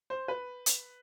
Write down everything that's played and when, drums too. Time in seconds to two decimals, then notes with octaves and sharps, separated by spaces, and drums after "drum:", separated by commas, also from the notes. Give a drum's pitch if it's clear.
0.10 C5
0.28 B4
0.66 drum: hi-hat